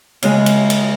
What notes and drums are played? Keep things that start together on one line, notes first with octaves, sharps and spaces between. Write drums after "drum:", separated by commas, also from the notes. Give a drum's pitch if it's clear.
C#3 G#3, drum: cymbal
drum: cymbal
drum: cymbal